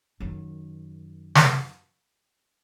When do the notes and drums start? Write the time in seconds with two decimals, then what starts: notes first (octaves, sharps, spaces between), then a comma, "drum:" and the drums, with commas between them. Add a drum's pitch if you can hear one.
0.20 F#2 D#3
1.35 drum: snare